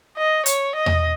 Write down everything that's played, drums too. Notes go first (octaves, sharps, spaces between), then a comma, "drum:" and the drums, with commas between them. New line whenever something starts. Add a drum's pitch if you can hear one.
D#5
C#5, drum: hi-hat
D#5
drum: tom E2